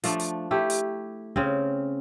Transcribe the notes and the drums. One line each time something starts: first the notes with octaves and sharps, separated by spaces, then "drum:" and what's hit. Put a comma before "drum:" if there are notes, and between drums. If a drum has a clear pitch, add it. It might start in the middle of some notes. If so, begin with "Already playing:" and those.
F3 A3 D4, drum: hi-hat
drum: hi-hat
A3 E4 G4
drum: hi-hat
C#3 C4, drum: kick